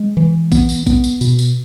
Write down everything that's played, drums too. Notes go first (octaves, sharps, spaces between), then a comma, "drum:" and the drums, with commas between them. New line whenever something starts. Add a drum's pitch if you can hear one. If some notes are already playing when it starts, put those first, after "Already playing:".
Already playing: G#3
E3
B3, drum: kick A#1, tambourine
drum: tambourine
B3, drum: kick A#1, tambourine
drum: tambourine
B2, drum: tambourine
drum: tambourine